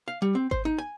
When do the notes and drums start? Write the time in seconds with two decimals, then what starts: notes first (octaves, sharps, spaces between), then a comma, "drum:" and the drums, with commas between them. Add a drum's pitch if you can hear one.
0.08 F5
0.22 G3
0.35 C4
0.51 C5, drum: kick G#1
0.65 D#4
0.78 G#5